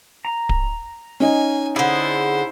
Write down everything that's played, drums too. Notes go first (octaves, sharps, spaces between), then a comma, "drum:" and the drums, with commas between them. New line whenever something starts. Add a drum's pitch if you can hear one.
A#5
drum: kick D1
C#4 D#4 D#5 G#5
D3 E4 G#4 C5 B5 D#6